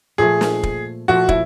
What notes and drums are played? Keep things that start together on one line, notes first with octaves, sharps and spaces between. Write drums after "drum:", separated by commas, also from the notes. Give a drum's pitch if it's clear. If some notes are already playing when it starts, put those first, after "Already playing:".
A#2 F3 A3 G#4
drum: snare
drum: kick
A#2 F3 A3 F#4
E4, drum: kick